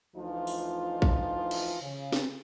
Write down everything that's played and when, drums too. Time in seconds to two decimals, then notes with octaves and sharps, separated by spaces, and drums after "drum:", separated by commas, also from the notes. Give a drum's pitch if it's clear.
0.16 D2 E3 F3 D#4 F4
0.47 drum: open hi-hat
1.02 drum: kick
1.51 drum: cymbal
1.81 C#3
2.12 drum: snare